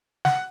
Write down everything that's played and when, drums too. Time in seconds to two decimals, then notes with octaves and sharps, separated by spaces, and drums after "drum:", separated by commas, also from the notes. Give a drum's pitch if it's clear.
0.25 F#5, drum: snare